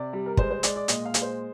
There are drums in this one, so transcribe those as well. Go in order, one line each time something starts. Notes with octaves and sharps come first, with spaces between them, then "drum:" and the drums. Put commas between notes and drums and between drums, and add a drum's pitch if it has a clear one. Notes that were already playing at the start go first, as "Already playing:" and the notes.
Already playing: C3 D5
G3
A#4
G#3 C5, drum: kick
C5
G#3 D5, drum: hi-hat
D5
A#2 D#5, drum: hi-hat
F5
G#3, drum: hi-hat
C5